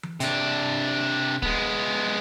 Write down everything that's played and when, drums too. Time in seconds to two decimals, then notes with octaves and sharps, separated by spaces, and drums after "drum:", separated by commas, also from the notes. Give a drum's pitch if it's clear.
0.03 drum: tom E3
0.20 C3 D4, drum: hi-hat
1.42 G#3 B3, drum: kick